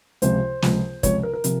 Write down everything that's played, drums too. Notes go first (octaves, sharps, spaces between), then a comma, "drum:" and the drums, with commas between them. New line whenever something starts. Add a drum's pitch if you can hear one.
C#2 C3 F3 C5, drum: hi-hat
C#2 C3 F3, drum: snare
C#2 C3 F3 C#5, drum: kick, hi-hat
A#4
A#4
C3 F3, drum: hi-hat